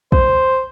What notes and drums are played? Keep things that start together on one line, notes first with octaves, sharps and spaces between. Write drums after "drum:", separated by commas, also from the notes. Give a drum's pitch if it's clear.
C5, drum: kick